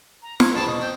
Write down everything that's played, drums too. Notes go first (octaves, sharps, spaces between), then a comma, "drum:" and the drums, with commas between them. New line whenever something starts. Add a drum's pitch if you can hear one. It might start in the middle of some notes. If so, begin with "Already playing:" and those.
A#5
C5 G#6, drum: snare
E2 B3 C4 A5
B2 D#6
C4 G6